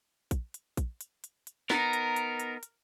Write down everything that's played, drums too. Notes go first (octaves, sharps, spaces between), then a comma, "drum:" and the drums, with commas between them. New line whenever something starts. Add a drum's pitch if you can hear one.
drum: kick, hi-hat
drum: hi-hat
drum: kick, hi-hat
drum: hi-hat
drum: hi-hat
drum: hi-hat
B3 D#4 A#4, drum: snare
drum: hi-hat
drum: hi-hat
drum: hi-hat
drum: hi-hat